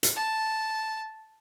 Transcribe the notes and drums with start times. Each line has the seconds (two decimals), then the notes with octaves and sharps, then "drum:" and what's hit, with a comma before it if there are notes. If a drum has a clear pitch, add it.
0.03 drum: hi-hat
0.17 A5